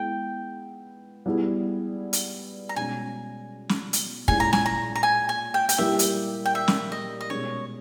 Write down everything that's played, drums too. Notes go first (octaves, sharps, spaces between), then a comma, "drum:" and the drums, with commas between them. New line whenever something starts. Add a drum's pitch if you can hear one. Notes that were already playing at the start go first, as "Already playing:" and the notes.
Already playing: G#3 B3 E4 G5
G3 B3 E4 G#4
drum: hi-hat
A#5
B2 G#3 C#4 G#5
drum: snare
drum: hi-hat
A#2 G#3 C#4 E4 G#5, drum: kick
A#5
G#5, drum: snare
A#5
A#5
G#5
G#5
G5
G5, drum: hi-hat
G3 A#3 E4 G4 E5
drum: hi-hat
G5
E5
drum: snare
D#5
D#5
B2 G#3 C#4 G#4 C#5